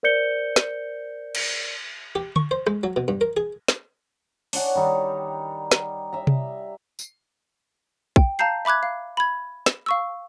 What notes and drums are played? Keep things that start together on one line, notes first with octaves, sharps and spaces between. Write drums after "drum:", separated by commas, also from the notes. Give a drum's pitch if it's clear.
A#4 C5 D5 G6 C#7 G7
drum: snare
drum: cymbal
G4
C#6, drum: tom D3
C5
G#3, drum: rim click
F#3
B2
G2
A#4
G#4
drum: snare
D4 C#5 F#5 G#5, drum: open hi-hat
D#3 G3 D#4
drum: snare
E5 A#5
drum: tom C3
drum: tambourine
G5, drum: kick
F5 A5 A#5 G6 C7
E5 B5 D6 F#6 G#6
F5
B5 G#6
drum: snare
F5 C#6 E6